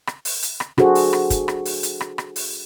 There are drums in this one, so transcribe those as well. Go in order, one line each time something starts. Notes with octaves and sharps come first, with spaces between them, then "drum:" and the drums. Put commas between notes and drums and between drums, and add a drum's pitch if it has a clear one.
drum: rim click
drum: open hi-hat
drum: hi-hat
drum: rim click
D4 F#4 G#4 A4 C5, drum: rim click
drum: open hi-hat
drum: rim click
drum: kick, hi-hat
drum: rim click
drum: open hi-hat
drum: hi-hat
drum: rim click
drum: rim click
drum: open hi-hat